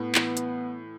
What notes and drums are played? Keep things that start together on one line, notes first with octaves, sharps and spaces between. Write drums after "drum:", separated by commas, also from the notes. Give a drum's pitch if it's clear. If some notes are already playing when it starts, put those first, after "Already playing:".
Already playing: A2 B3
E3, drum: clap
drum: hi-hat